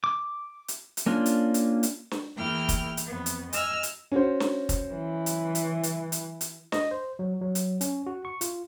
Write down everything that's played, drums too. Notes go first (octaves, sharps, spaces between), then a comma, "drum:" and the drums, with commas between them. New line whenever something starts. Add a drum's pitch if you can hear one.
D6
drum: hi-hat
drum: hi-hat
A#3 C#4 D4 F4
drum: hi-hat
drum: hi-hat
drum: hi-hat
drum: snare
E2 A#3 E4 G5 F6
drum: kick, hi-hat
drum: hi-hat
F2 B3
drum: hi-hat
D#5 G#5 E6 F6, drum: hi-hat
drum: hi-hat
C#4 F#4 C5
drum: snare
drum: kick, hi-hat
E3
drum: hi-hat
drum: hi-hat
drum: hi-hat
drum: hi-hat
drum: hi-hat
D#5, drum: snare
C5
F#3
F#3
drum: hi-hat
C#4, drum: hi-hat
F#4
C#6
F4, drum: hi-hat